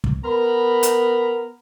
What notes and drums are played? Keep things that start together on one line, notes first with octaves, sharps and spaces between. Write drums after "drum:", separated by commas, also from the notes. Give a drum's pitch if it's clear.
drum: kick
B3 A#4 A#5 B5
drum: hi-hat